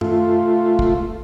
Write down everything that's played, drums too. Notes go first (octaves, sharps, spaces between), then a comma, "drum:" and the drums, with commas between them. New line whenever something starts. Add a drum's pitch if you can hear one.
A3 F4, drum: tom F#2
drum: kick